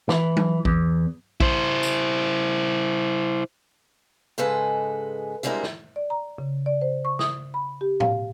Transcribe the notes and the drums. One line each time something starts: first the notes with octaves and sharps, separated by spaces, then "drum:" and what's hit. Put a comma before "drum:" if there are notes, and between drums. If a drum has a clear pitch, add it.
E3, drum: snare
drum: tom F#3
E2, drum: kick A#1
E4 C5, drum: kick A#1
drum: tambourine
G#2 C#3 G#3 A4 B4 D#5
D3 G3 G#3 C4 E4 A#4
drum: snare
D5
A#5
C#3
D5
C5
C#6
D#6, drum: snare
B5
G4
F5, drum: tom A2